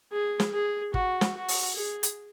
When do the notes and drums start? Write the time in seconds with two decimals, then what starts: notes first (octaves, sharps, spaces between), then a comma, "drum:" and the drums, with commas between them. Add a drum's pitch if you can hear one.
0.12 G#4
0.40 drum: snare
0.53 G#4
0.94 F#4, drum: kick
1.21 drum: snare
1.35 F#4
1.48 drum: open hi-hat
1.76 G#4
2.03 drum: hi-hat